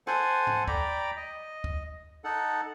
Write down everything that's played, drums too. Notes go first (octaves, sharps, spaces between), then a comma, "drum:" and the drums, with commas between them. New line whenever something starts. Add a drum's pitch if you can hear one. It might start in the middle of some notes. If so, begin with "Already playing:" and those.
A4 C5 F#5 G#5, drum: rim click
drum: tom G#2
D5 G5 A#5 B5 D6, drum: kick
D#5
drum: kick
D#4 A4 F#5